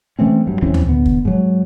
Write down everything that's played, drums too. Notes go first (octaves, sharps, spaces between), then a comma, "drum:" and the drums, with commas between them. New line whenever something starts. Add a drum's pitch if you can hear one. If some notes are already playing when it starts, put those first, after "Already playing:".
E3 A3 C4 C#4
G2 F#3
E2 E3 C4 C#4
drum: tom D2
D3 B3
drum: kick
G#2 F#3